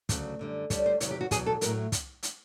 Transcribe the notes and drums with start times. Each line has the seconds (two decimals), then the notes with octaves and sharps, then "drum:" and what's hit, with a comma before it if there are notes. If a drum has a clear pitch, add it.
0.09 D2 C#3 F#3, drum: kick, hi-hat
0.39 F#2 D3 G3
0.70 D2 D3 G3 C#5, drum: kick, hi-hat
0.86 C5
1.00 E2 C3 D#3 F#3 C#5, drum: hi-hat
1.11 G4
1.21 F#4
1.31 E2 B2 F#3 G#4, drum: kick, hi-hat
1.46 A4
1.61 A2 F#3 A#4, drum: hi-hat
1.92 drum: kick, hi-hat
2.23 drum: hi-hat